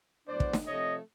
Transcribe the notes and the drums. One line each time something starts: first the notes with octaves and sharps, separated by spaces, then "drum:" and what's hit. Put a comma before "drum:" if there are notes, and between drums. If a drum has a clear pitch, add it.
A2 F#3 B3 D4 C5 D5
drum: kick
drum: snare
C3 F3 A3 C4 C#5 D#5